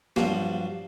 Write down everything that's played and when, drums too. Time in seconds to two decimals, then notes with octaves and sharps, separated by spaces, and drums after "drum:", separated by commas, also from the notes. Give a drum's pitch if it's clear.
0.16 G2 F3 F#3, drum: snare